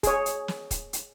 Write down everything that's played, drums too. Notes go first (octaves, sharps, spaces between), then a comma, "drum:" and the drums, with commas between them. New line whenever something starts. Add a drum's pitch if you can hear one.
G#4 C#5, drum: kick, hi-hat
drum: hi-hat
drum: snare
drum: kick, hi-hat
drum: hi-hat